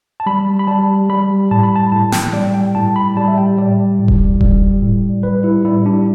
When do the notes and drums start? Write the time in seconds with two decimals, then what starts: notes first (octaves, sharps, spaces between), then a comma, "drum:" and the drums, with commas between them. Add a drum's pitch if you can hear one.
0.20 A5
0.26 G3 B5
0.59 B5
0.67 G3 A5
1.09 G3 B5
1.51 A2 A5
1.63 B5
1.76 A5
1.92 A2 A5
2.12 G5, drum: snare
2.33 G3 D5
2.54 G5
2.75 A2 A5
2.96 B5
3.17 G3 A5
3.28 E5
3.38 G5
3.57 G3 D5
3.99 A2
4.08 drum: kick D#1
4.41 G3, drum: kick D#1
4.83 A2
5.23 G3 B4
5.44 E4
5.65 G3 E4
5.86 D4